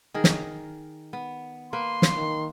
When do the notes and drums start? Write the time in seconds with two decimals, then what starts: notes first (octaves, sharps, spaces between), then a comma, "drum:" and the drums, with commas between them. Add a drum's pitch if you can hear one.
0.14 D#3 G#4 A#4
0.24 drum: snare
1.13 B3
1.73 A#3 B4 C6
2.02 drum: snare
2.16 D#3